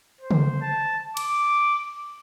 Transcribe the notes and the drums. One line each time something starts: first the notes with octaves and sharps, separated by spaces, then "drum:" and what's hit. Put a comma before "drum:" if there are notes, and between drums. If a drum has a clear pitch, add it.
C5
drum: tom C#3
A5
D6, drum: cymbal